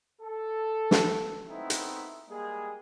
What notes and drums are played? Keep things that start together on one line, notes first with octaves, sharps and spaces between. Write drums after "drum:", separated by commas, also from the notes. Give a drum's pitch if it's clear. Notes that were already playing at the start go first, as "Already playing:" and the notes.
A4
drum: snare
A3 B3 C4 D#4 E4
drum: hi-hat
G3 G#3 A#3 G#4